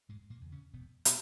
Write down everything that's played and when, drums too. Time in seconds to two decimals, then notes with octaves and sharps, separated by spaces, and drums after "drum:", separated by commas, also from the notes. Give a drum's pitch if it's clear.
0.09 E1 G#2 G#3
0.30 A#2 A#3
0.41 E2 C#3
0.52 C#3 C#4
0.73 E1 B2 B3
1.05 B2 B3, drum: hi-hat